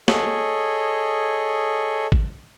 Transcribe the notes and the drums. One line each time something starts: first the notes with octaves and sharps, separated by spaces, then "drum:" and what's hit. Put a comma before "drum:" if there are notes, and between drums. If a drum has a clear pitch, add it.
G#4 A4 C#5 D#5, drum: snare
drum: kick